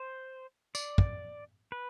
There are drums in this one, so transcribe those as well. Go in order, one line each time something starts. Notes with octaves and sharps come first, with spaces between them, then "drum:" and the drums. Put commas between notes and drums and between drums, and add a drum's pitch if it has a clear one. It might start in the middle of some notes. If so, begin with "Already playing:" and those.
Already playing: C5
D5, drum: tambourine
drum: kick
B4